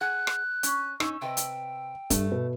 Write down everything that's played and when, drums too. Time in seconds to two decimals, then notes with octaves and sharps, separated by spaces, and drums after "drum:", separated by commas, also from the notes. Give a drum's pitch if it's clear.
0.01 G#4 F#5 F#6
0.27 drum: rim click
0.63 C#4, drum: hi-hat
1.00 C#4 D#4 E6, drum: rim click
1.22 C3 B4 D#5 G5
1.37 drum: hi-hat
2.10 G2 A3, drum: kick E1, hi-hat
2.31 B2 B4